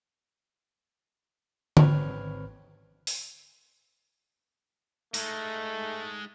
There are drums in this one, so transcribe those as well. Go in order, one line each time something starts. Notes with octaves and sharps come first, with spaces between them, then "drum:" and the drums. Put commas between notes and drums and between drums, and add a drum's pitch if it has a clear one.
G#1 C4 B4 C#5 F6 G#6, drum: tom D3
drum: open hi-hat
G#3 A3 D#4, drum: open hi-hat